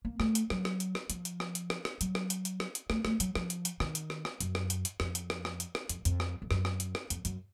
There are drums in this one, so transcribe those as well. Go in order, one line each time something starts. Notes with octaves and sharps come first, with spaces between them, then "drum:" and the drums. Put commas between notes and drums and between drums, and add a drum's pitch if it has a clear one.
A#3
A3, drum: rim click
drum: hi-hat
F#3, drum: rim click
drum: rim click
drum: hi-hat
drum: rim click
F3, drum: hi-hat
drum: hi-hat
drum: rim click
drum: hi-hat
drum: rim click
drum: rim click
F#3, drum: hi-hat
drum: rim click
drum: hi-hat
drum: hi-hat
drum: rim click
drum: hi-hat
A3, drum: rim click
A3, drum: rim click
F#3, drum: hi-hat
F3, drum: rim click
drum: hi-hat
drum: hi-hat
D#3, drum: rim click
drum: hi-hat
drum: rim click
drum: rim click
F#2, drum: hi-hat
drum: rim click
drum: hi-hat
drum: hi-hat
F2, drum: rim click
drum: hi-hat
drum: rim click
drum: rim click
drum: hi-hat
drum: rim click
F2, drum: hi-hat
F2, drum: hi-hat
drum: rim click
F2
F#2, drum: rim click
drum: rim click
drum: hi-hat
drum: rim click
F2, drum: hi-hat
F#2, drum: hi-hat